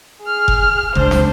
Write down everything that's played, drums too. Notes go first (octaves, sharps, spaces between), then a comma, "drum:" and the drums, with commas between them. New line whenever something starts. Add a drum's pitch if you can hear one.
G#4 F6
drum: kick F1
C#2 D4 C5, drum: kick F1
drum: snare